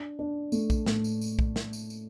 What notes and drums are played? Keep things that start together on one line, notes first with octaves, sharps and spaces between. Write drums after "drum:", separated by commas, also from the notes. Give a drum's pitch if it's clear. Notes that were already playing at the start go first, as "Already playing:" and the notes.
Already playing: D4
D4
A3, drum: tambourine
drum: kick A#1, tambourine
A2, drum: snare
drum: tambourine
drum: tambourine
drum: kick A#1
drum: snare
drum: tambourine
drum: tambourine